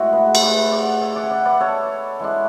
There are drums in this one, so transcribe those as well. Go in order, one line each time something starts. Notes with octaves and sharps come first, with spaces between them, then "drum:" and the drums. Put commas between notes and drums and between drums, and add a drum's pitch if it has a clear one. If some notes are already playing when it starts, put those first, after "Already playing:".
Already playing: A2 G#3 B3 E4 F#4
G#4 B4
E5, drum: cymbal
B4 D5
D5 F#5
E5 G#5
D5 F#5
G#5
D5 F#5
B4 D5
A4 C#5
E3 G#3 D4